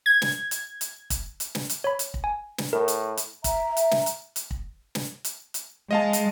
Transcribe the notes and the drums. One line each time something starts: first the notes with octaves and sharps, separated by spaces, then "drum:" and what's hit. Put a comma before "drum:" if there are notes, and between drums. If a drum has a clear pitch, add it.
G#6
drum: snare
drum: hi-hat
drum: hi-hat
drum: kick, hi-hat
drum: hi-hat
drum: snare
drum: hi-hat
C#5 B5
drum: hi-hat
drum: kick
G#5
drum: snare
A2 A#4
drum: hi-hat
drum: hi-hat
E5 A#5, drum: kick, hi-hat
drum: hi-hat
drum: snare
drum: hi-hat
drum: hi-hat
drum: kick
drum: snare
drum: hi-hat
drum: hi-hat
G#3 D#5 F5 A5
drum: hi-hat